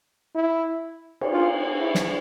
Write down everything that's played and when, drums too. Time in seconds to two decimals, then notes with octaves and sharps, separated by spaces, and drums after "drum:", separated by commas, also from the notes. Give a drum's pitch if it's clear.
0.35 E4
1.21 drum: cymbal
1.33 F4
1.80 E4
1.95 drum: snare